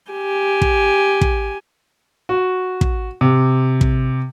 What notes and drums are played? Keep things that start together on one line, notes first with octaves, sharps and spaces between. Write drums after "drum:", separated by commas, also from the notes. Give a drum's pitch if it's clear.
G4 G#5
drum: kick
drum: kick
F#4
drum: kick
C3
drum: kick